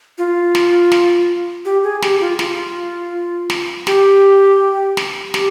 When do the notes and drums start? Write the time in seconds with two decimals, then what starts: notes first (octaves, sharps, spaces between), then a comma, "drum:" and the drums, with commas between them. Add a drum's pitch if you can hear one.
0.18 F4
0.55 drum: snare
0.92 drum: snare
1.65 G4
1.83 G#4
2.02 G4, drum: snare
2.20 F4
2.39 F4, drum: snare
3.50 drum: snare
3.87 G4, drum: snare
4.97 drum: snare
5.34 G4, drum: snare